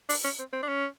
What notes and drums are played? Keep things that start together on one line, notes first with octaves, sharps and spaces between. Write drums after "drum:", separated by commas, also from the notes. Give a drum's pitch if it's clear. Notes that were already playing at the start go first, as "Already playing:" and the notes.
D4, drum: open hi-hat
C#4
C4
C4
D4
C#4